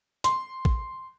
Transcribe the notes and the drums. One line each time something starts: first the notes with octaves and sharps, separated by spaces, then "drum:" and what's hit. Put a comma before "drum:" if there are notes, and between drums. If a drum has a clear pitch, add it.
C6, drum: hi-hat
drum: kick